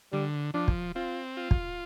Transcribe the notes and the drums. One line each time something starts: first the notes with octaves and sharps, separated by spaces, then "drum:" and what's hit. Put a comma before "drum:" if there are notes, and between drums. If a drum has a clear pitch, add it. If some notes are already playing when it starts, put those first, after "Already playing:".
D3 G3
F3 D4
drum: kick
C4 F4
F4
drum: kick